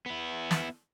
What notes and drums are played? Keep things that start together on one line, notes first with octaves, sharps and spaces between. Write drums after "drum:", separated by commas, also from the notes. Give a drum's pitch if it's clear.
B3 E4
drum: snare